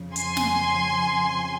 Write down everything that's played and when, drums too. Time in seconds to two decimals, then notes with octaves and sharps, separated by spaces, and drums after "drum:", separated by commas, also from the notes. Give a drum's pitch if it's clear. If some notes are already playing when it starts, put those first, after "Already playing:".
Already playing: F2 C#3 F3
0.16 G#5 C6, drum: hi-hat
0.37 drum: snare